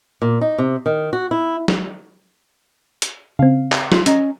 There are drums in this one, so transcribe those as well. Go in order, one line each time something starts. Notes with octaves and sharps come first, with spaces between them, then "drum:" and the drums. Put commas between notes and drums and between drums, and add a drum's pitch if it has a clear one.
A#2
D#4
C3
D#3
F#4
E4
drum: snare
drum: hi-hat
C#3 C4 F5
drum: clap
F4 C6, drum: snare
C#4 D#5 A#5, drum: hi-hat